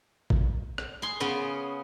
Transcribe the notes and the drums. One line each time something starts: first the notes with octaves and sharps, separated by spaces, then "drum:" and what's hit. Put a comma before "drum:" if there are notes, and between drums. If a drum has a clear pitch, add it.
drum: kick
drum: rim click
G#4 C6
C#3 B3 C#4